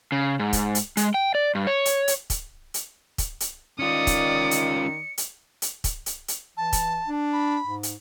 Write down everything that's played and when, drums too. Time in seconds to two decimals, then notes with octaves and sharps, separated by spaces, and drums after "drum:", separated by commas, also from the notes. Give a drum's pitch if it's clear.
0.12 C#3
0.39 G#2
0.53 drum: kick, hi-hat
0.75 drum: hi-hat
0.97 G#3, drum: hi-hat
1.14 G5
1.35 D5
1.55 G2
1.67 C#5
1.85 drum: hi-hat
2.08 drum: hi-hat
2.30 drum: kick, hi-hat
2.74 drum: hi-hat
3.18 drum: kick, hi-hat
3.40 drum: hi-hat
3.79 D#3 C#4 F4 D5 D#6 C#7
4.07 drum: kick, hi-hat
4.51 drum: hi-hat
5.18 drum: hi-hat
5.62 drum: hi-hat
5.84 drum: kick, hi-hat
6.06 drum: hi-hat
6.28 drum: hi-hat
6.57 E3 A5
6.73 drum: kick, hi-hat
7.07 D4
7.33 B5
7.67 G#2
7.83 drum: hi-hat